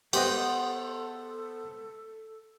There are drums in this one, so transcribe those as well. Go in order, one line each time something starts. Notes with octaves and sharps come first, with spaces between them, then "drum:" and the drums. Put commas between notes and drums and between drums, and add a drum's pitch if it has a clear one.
B3 G4 A4 C5 D#5 F#5, drum: cymbal